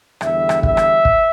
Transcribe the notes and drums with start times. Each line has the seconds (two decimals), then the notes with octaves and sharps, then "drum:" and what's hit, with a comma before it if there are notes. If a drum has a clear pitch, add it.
0.21 E2 D3 G3 E5, drum: rim click
0.49 drum: rim click
0.63 E5, drum: kick
0.77 drum: rim click
1.05 drum: kick